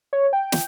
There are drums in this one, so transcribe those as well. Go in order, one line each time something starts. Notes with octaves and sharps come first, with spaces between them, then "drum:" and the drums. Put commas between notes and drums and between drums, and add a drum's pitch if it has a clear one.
C#5
G5
drum: snare